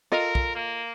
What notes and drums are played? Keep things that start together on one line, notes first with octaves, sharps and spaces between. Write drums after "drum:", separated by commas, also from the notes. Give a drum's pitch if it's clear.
F4 A4 A#4 D#5
drum: kick
A#3